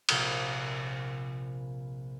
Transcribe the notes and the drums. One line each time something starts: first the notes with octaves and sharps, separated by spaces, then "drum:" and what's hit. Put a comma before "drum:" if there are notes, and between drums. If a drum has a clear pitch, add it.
A#1 C3 F4 A#4 G#5 B5, drum: cymbal